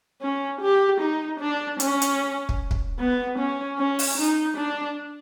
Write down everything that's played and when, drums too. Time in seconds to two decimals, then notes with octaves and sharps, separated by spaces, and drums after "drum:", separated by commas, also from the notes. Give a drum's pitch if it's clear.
0.21 C#4
0.61 G4
1.00 D#4
1.40 D4
1.80 C#4, drum: hi-hat
2.02 drum: hi-hat
2.49 drum: kick
2.71 drum: kick
2.99 B3
3.38 C#4
3.78 C#4
3.99 drum: open hi-hat
4.17 D#4
4.57 D4